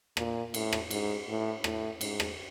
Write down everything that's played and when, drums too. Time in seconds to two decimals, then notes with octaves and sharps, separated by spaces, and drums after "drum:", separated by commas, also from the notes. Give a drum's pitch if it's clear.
0.17 A#2, drum: rim click
0.54 A2, drum: cymbal
0.73 drum: rim click
0.91 G#2, drum: cymbal
1.28 A2
1.64 A2, drum: rim click
2.01 G#2, drum: cymbal
2.20 drum: rim click